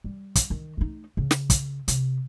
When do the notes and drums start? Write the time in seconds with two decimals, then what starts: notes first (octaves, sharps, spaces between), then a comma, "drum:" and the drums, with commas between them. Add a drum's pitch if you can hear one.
0.04 G3
0.35 drum: kick, hi-hat
0.50 D#3
0.77 A3 D#4
1.17 C#3
1.31 drum: snare
1.50 drum: kick, hi-hat
1.88 C3, drum: hi-hat